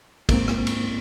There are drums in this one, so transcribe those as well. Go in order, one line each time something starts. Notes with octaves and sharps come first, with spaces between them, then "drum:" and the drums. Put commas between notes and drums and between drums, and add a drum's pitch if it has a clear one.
G#2 A#3 C4, drum: kick, cymbal
drum: rim click
drum: cymbal